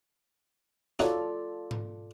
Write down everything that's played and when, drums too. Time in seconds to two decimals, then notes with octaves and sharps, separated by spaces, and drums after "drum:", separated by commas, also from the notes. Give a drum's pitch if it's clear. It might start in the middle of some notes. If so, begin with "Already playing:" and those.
0.99 D#4 F4 F#4 A4 C#5 D5, drum: snare
1.71 drum: tom G#2